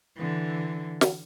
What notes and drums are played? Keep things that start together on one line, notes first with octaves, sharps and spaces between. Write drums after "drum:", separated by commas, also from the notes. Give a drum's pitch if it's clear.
D3 E3
drum: snare